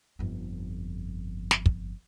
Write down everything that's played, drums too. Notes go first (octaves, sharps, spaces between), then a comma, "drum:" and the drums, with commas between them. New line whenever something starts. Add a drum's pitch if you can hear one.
G1 F2
drum: snare
drum: kick